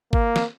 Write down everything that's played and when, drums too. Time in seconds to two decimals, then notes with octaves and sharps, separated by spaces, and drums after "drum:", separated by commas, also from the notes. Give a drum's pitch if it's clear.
0.13 A#3, drum: kick
0.36 drum: snare